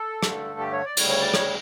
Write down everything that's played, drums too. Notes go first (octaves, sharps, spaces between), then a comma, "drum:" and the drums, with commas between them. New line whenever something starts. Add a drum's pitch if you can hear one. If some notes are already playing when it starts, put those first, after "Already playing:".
Already playing: A4
G2 D3 A3, drum: rim click
G4
C#5
D5
D2 C#3 G3 C#5, drum: cymbal
C#5
D5
C#5, drum: rim click